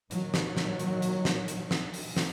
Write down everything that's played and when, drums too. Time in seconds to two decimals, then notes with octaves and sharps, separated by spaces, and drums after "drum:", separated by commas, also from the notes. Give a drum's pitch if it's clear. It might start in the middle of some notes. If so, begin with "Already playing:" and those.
0.11 A#2 D#3 F#3, drum: hi-hat
0.34 drum: snare
0.57 drum: snare
0.79 drum: hi-hat
1.02 drum: hi-hat
1.25 drum: snare
1.48 drum: hi-hat
1.71 drum: snare
1.94 drum: open hi-hat
2.17 drum: snare